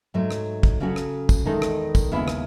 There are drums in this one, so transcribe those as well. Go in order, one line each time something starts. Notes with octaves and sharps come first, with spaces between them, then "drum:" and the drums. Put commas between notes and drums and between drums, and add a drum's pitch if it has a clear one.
G#2 F#3 A3
drum: rim click
drum: kick
C#3 F#3 C#4 F#4 A4
drum: rim click
drum: kick, tambourine
E2 D#3 G#3 D#4 A4
drum: rim click
drum: kick, tambourine
D#2 C#3 G#3 B3 E4
drum: rim click